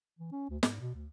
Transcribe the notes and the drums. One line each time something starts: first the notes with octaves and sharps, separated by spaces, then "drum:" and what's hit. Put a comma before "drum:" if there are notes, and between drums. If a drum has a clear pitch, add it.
E3
C#4
D2
G#2, drum: snare
B2
D2